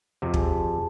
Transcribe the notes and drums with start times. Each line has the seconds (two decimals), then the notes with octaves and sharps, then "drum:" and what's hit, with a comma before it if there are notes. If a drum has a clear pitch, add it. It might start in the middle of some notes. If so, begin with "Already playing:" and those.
0.22 F2 C3
0.34 G#4 G#5 A5, drum: kick